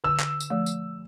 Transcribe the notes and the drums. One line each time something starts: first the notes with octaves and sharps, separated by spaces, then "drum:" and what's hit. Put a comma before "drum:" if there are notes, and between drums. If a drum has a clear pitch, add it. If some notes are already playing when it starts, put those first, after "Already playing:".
D3 E6
drum: clap
drum: tambourine
F3 A3
drum: tambourine